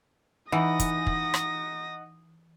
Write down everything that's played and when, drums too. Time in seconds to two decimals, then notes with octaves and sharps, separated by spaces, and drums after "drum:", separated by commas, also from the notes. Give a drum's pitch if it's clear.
0.52 E3 D#4 F#5 D#6 A#6
0.79 drum: kick, hi-hat
1.07 drum: kick
1.34 drum: rim click